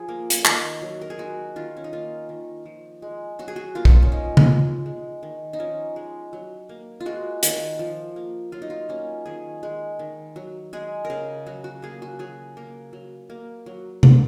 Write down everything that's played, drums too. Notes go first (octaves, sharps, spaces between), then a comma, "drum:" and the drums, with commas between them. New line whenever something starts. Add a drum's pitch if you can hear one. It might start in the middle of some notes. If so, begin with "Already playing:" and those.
Already playing: F3 G#4
A#3
drum: hi-hat
D#3, drum: clap
F#3
A#4
G#4
G#3 F#4
D#3 F4
C#4
D#4
A#3 F4
D#3
F3
G#3
F#3 F#4
G#4
F#4
A#3 F4
drum: kick B1
C#4
F3 D#4
drum: tom C#3
G#3
G#3
D#3
D#4
F3 C#4
G#3
F#3
A#3
F4
G#3 F#4
D#3, drum: hi-hat
F3
A#3
F#3 F4
D#4
F4
A#3 C#4
D#3 G#4
G#3
D#3
F#3
G#3 G#4
A#4
C#3 G#4
F#3 F#4
F#4
A#3 G#4
F#4
F#3 G#4
A#3
F#3
A#3
F#3
A#3, drum: tom C3